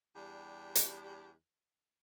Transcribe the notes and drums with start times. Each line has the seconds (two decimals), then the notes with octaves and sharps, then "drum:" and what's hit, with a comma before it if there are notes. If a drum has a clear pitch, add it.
0.16 E2 G3 D4 G4
0.75 drum: hi-hat